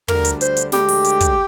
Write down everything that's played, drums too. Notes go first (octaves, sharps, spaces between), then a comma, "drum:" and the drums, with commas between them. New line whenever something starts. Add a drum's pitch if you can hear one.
D2 D3 G3 A#4, drum: tom
drum: hi-hat
C5, drum: hi-hat
drum: hi-hat
D2 D3 G#3 G4, drum: snare
drum: open hi-hat
drum: hi-hat
drum: kick, hi-hat